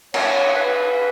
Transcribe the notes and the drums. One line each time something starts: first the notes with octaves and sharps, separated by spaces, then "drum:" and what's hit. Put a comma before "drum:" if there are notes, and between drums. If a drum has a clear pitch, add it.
C#5, drum: cymbal
B4